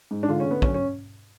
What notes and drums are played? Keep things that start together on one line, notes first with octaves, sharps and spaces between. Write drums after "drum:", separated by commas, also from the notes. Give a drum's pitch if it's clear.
G#2
D4
D3 F4
C#4
D3 B3
F#2 C#4, drum: kick
C#4